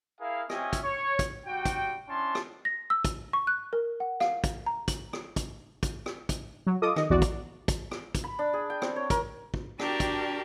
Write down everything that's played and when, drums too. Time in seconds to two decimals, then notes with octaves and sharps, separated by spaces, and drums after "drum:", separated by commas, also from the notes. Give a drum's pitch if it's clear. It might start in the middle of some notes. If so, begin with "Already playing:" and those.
0.20 E4 G#4 A#4 F5
0.50 C4 C#4 G4 D#5 E5 G#5, drum: rim click
0.73 drum: kick, hi-hat
0.84 C#5
1.19 drum: kick, hi-hat
1.46 G3 F#4 G5
1.65 drum: kick, hi-hat
2.09 C#4 D4 E4 A5 C6
2.35 drum: rim click
2.65 A#6
2.90 E6
3.05 drum: kick, hi-hat
3.33 C#6
3.47 F#6
3.73 A#4
4.00 F#5
4.20 F5, drum: rim click
4.44 drum: kick, hi-hat
4.66 A#5
4.88 F#7, drum: kick, hi-hat
5.13 drum: rim click
5.36 drum: kick, hi-hat
5.83 drum: kick, hi-hat
6.06 drum: rim click
6.29 drum: kick, hi-hat
6.67 F#3
6.82 F4 A4 D#5 D6 D#6
6.96 D#3 D#5, drum: rim click
7.10 A#1 D#2 E3 B3 F#4 D5
7.22 drum: kick, hi-hat
7.68 drum: kick, hi-hat
7.91 drum: rim click
8.15 drum: kick, hi-hat
8.24 B5
8.39 D4
8.53 G#4
8.70 G5
8.82 C4, drum: rim click
8.96 C#5
9.10 A#4, drum: kick, hi-hat
9.54 drum: kick
9.79 D4 F#4 G4 A#4 G5 A5, drum: rim click
10.00 drum: kick, hi-hat